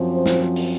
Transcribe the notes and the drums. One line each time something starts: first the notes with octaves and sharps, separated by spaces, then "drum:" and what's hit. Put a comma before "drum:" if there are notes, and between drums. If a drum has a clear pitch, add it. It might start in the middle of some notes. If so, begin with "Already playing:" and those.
Already playing: F#2 F3 C4
C5
drum: snare
drum: open hi-hat